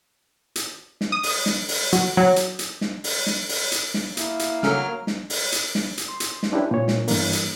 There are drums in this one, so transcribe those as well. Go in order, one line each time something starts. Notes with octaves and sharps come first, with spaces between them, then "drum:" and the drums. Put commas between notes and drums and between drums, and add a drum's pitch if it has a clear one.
drum: hi-hat
drum: snare
D#6
drum: open hi-hat
drum: snare
drum: open hi-hat
F#3, drum: hi-hat
F#3
drum: hi-hat
drum: hi-hat
drum: snare
drum: open hi-hat
drum: snare
drum: open hi-hat
drum: hi-hat
drum: snare
A#3 E4, drum: hi-hat
drum: hi-hat
C#3 F#3 C#4 A4 A#4 F6, drum: snare
drum: snare
drum: open hi-hat
drum: hi-hat
drum: snare
drum: hi-hat
C6
drum: hi-hat
drum: snare
C#4 D4 E4 G4 B4
A#2 C#5
drum: snare
G2 E3 A#3, drum: open hi-hat
drum: hi-hat